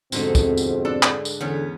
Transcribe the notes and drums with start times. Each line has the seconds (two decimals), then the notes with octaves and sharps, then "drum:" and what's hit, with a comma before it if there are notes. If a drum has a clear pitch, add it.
0.12 F2 G#2 B2 D3 A3 C4, drum: tambourine
0.35 drum: kick, tambourine
0.57 drum: tambourine
0.85 D4 A4
1.03 drum: clap
1.25 drum: tambourine
1.41 E2 D3 B3 C#4